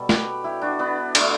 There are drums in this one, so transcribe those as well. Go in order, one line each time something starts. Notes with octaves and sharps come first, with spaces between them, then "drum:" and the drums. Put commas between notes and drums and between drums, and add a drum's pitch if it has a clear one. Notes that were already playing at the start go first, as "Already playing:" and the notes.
Already playing: B2 G3 A4
G4 B4, drum: snare
E4 G4
D4 F#4
B3 D4
D3 A3, drum: cymbal